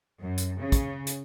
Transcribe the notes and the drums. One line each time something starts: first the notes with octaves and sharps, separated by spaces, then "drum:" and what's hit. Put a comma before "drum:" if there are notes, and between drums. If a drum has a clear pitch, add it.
F#2
drum: hi-hat
C#3
drum: kick, hi-hat
drum: hi-hat